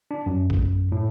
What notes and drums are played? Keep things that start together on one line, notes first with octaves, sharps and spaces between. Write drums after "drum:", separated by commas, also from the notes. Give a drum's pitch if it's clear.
D4
F#2
drum: kick A1
A2